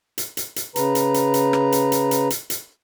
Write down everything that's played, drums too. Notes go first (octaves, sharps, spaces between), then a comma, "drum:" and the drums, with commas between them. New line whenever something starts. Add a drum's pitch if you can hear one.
drum: hi-hat
drum: hi-hat
drum: hi-hat
C#3 B4 A#5, drum: hi-hat
drum: hi-hat
drum: hi-hat
drum: hi-hat
drum: rim click
drum: hi-hat
drum: hi-hat
drum: hi-hat
drum: hi-hat
drum: hi-hat